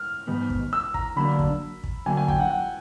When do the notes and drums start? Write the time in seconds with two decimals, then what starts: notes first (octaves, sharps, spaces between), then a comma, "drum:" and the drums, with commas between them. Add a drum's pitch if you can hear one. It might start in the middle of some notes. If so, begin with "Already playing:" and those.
Already playing: F6
0.27 G#2 D#3 G3 B3 D#4
0.50 drum: kick
0.73 E6
0.94 A#5, drum: kick
1.16 D3 F#3 A#3 D4 B5
1.39 drum: kick
1.84 drum: kick
2.06 D3 F#3 A#3 G#5
2.17 G#5
2.28 G5, drum: kick
2.39 F#5
2.50 F#5